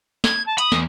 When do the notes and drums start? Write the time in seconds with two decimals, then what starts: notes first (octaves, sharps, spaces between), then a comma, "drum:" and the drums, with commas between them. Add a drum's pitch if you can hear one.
0.24 G#6, drum: snare
0.46 A5
0.58 B5 D#6, drum: hi-hat
0.72 E2, drum: snare